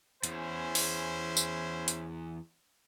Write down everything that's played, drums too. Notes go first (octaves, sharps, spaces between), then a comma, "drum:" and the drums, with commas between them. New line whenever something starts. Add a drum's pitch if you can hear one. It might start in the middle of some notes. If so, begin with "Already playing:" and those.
E2 C#4 E4 C5, drum: hi-hat
drum: open hi-hat
drum: tambourine
drum: hi-hat